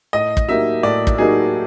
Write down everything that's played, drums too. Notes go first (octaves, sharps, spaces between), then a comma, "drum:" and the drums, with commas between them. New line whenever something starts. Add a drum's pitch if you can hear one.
A2 D#5
drum: kick
F#3 A#3 D#4 G4 E5
A2 D5
drum: kick
F#3 A#3 D#4 G4 G#4